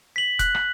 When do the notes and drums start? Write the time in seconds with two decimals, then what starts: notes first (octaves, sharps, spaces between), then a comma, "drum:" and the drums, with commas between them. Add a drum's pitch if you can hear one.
0.16 B6 F#7
0.39 F#6, drum: kick E1, hi-hat
0.55 drum: rim click